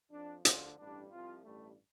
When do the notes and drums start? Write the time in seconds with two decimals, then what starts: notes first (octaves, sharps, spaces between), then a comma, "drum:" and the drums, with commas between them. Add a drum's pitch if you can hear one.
0.11 F2 F3 D4
0.45 D2 D3 F3 F4, drum: hi-hat
0.78 A1 G2 G3 D4
1.11 C2 C3 F3 F4
1.44 A1 G2 G3 A3